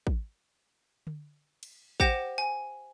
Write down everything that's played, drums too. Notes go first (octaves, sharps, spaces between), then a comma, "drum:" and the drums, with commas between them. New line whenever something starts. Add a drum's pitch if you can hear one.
drum: kick
drum: tom D3
drum: cymbal
G4 C5 F#5 G5 A#6 E7, drum: kick
G#5